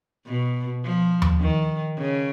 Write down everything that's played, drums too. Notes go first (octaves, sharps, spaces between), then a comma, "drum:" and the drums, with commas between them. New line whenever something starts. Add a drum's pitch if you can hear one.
B2
F3
drum: tom D#2
D#3
C#3